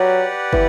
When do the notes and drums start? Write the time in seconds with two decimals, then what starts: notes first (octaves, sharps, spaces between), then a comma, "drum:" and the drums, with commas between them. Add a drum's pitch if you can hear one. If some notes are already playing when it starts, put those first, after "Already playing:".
Already playing: F#3 G4 B4 D5 F#5
0.53 E3, drum: kick